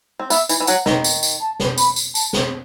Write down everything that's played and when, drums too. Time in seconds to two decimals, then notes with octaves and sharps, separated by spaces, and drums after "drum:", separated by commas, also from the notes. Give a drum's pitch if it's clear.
0.19 C4
0.30 B3 E5, drum: tambourine
0.49 E3, drum: tambourine
0.60 E3
0.67 F#3 F#5, drum: tambourine
0.86 D#3, drum: snare
1.04 drum: tambourine
1.23 drum: tambourine
1.41 A5
1.60 drum: snare
1.78 B5, drum: tambourine
1.96 drum: tambourine
2.15 A5, drum: tambourine
2.33 drum: snare